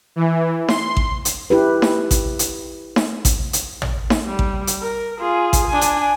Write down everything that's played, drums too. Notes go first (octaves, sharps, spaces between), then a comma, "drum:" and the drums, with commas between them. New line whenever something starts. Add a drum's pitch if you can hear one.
E3
C6, drum: snare D#4
drum: kick A1
drum: hi-hat
E4 G4 B4
drum: snare D#4
drum: kick A1, hi-hat
drum: hi-hat
drum: snare D#4
drum: kick A1, hi-hat
drum: hi-hat
drum: tom
drum: snare D#4
G3
drum: kick A1
drum: hi-hat
A#4
F4 G#4
drum: kick A1, hi-hat
D4 G#5
drum: hi-hat